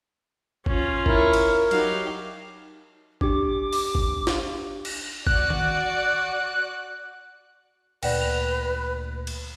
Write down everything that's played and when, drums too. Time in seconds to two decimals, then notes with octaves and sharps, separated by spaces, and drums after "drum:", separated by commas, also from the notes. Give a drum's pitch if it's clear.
0.66 C#4 F4, drum: kick
1.06 E4 A#4 C#5, drum: kick
1.33 drum: cymbal
1.71 F#3 D#4 G4 F5, drum: cymbal
3.21 D4 G4 D6, drum: kick
3.73 drum: open hi-hat
3.95 drum: kick
4.27 drum: snare
4.85 drum: cymbal
5.27 F#4 D5 F#6, drum: kick
5.50 drum: tom D#3
8.03 D2 A#2 B4 D5 F#5 G5, drum: cymbal
8.21 F7
9.27 drum: cymbal